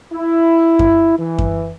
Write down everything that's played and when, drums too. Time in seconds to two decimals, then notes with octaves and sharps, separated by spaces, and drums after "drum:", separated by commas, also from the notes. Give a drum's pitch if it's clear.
0.13 E4
0.79 drum: kick F#2
1.19 E3
1.38 drum: kick F#2